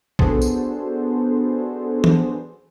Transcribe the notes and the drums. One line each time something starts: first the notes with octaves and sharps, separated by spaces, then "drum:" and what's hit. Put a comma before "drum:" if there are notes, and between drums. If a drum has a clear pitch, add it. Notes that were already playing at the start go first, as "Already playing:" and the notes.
B3 D4 F#4 G#4 A4 C5, drum: kick
drum: tambourine
drum: tom E3